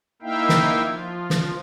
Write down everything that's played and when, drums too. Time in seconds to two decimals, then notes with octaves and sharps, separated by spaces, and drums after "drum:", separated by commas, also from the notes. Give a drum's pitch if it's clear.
0.22 A#3 D#4 E4 E5 F5 G5
0.49 drum: snare
0.83 F3 F4
1.30 drum: snare